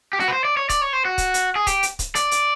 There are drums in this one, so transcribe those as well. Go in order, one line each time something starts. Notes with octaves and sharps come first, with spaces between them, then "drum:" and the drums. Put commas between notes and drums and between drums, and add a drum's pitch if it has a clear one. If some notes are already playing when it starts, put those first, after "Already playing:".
G4
F#4, drum: snare
B4
C5
D5
C#5
D5, drum: kick C#1, hi-hat
C#5
C5
F#4
drum: kick C#1, hi-hat
drum: hi-hat
G#4
G4, drum: kick C#1, hi-hat
drum: hi-hat
drum: kick C#1, hi-hat
D5, drum: hi-hat
drum: hi-hat